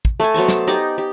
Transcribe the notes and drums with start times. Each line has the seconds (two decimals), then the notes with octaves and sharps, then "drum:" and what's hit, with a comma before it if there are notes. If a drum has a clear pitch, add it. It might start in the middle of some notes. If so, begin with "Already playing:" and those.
0.05 drum: kick
0.20 A3 G#5
0.34 F#3 B3 C5 C#6
0.48 A5, drum: snare
0.67 D#4 G4 D5 G#5
0.98 G4